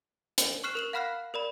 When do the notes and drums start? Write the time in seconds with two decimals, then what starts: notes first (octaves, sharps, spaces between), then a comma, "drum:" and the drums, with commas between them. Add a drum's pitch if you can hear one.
0.38 drum: hi-hat
0.64 C#6 F6 F#6 C7 E7
0.75 A#4 E7 F#7
0.93 F5 F#5 B5 F6 F#6 C7
1.34 A#4 D5 B5